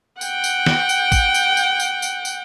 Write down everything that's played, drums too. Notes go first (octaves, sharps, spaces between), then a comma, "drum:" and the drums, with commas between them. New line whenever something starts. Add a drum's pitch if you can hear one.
F#5 G5, drum: tambourine
drum: tambourine
drum: snare
drum: tambourine
drum: kick, tambourine
drum: tambourine
drum: tambourine
drum: tambourine
drum: tambourine
drum: tambourine